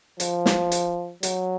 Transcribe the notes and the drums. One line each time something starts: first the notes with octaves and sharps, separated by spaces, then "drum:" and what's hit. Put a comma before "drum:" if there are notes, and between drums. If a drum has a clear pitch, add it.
F3, drum: hi-hat
drum: snare
drum: hi-hat
F#3, drum: hi-hat